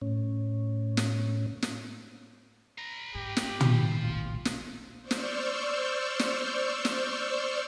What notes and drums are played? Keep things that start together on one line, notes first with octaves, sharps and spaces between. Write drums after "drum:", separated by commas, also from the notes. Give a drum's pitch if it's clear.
A2 C#4
drum: snare
drum: snare
B4 A#5
G#2 G4
drum: snare
D#3 F3, drum: tom
D1 A#1 F4
drum: snare
C5 D5 C#6 E6 F6 G6
drum: snare
drum: snare
drum: snare